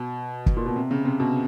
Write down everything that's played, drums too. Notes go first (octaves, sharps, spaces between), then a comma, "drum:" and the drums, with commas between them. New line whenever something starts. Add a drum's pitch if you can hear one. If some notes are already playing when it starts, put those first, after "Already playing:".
Already playing: B2
drum: kick
A#2
B2
C3
C#3
C3
B2